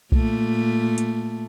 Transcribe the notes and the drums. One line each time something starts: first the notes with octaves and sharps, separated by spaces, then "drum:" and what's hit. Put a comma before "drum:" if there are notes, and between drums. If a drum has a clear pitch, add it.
A#2 A3, drum: kick B1
drum: hi-hat